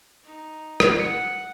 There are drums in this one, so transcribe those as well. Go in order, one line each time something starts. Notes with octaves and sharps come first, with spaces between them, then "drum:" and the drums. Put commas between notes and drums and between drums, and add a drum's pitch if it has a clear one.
D#4
drum: rim click
F#5 C#7